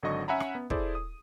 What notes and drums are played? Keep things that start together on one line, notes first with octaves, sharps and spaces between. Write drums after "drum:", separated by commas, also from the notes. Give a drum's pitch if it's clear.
G#1 D3 F#3 D#5 C#6
C#4 E5 F#5 G#5 A#5 B5
drum: rim click
B3
E4 G#4 A4 C5 D5, drum: kick
D#6